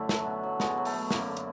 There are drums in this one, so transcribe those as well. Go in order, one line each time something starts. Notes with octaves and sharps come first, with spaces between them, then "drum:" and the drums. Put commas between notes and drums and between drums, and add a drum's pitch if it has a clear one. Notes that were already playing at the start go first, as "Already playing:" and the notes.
Already playing: F#2 D3 A3 D4 E4
F#3, drum: snare
B2
F#3
B2 G#3, drum: snare
F#3
A3, drum: open hi-hat
F#3
F#2 A#3, drum: snare
D3
drum: hi-hat